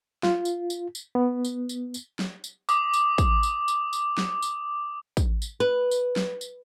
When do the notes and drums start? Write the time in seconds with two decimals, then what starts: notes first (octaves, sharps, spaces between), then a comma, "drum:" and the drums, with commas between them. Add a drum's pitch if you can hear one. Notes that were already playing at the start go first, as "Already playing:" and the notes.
0.23 F4, drum: snare
0.45 drum: tambourine
0.70 drum: tambourine
0.95 drum: tambourine
1.15 B3
1.45 drum: tambourine
1.69 drum: tambourine
1.94 drum: tambourine
2.19 drum: snare
2.44 drum: tambourine
2.69 D6 D#6, drum: tambourine
2.93 drum: tambourine
3.18 drum: kick, tambourine
3.43 drum: tambourine
3.68 drum: tambourine
3.93 drum: tambourine
4.18 drum: snare
4.42 drum: tambourine
5.17 drum: kick, tambourine
5.42 drum: tambourine
5.60 B4
5.91 drum: tambourine
6.16 drum: snare
6.41 drum: tambourine